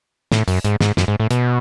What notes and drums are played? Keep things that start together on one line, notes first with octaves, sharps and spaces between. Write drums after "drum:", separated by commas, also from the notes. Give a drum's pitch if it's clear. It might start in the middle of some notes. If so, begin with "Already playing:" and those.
A2, drum: snare
F#2, drum: open hi-hat
G#2, drum: hi-hat
G#2, drum: snare
F#2, drum: snare
G#2
A2
B2, drum: hi-hat